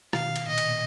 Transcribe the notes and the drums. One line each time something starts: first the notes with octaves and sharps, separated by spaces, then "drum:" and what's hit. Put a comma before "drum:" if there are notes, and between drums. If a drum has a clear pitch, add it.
B2 D#3 F5, drum: rim click
drum: cymbal
A#2 D#5
drum: cymbal
A#2